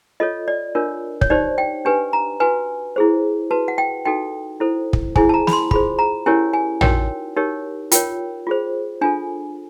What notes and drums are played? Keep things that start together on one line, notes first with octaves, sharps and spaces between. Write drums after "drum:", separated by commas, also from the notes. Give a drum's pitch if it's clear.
F4 A4 C#5 D#5
D5
D4 F4 A#4 C#5
C#5, drum: kick
D#4 G4 C5 D5
G5
D4 G4 B4 G#5
A#5
F#4 B4 G#5
E4 G#4 C5
F#4 B4 A5
F#5
G5
D#4 F#4 A4 G5
E4 A4 C5
drum: kick
E4 G#4 C5 G#5, drum: kick
A5
A#5
B5, drum: snare
C6
F4 G#4 C5 B5, drum: kick
A#5
C#4 E4 G4 A#4 C#5 G#5
G#5
D#4 F#4 A#4 C#5 G5, drum: tom
D#4 G4 A#4 C#5
F4 A#4 C#5 G5, drum: hi-hat
F4 G#4 C5
D4 F4 A4 G#5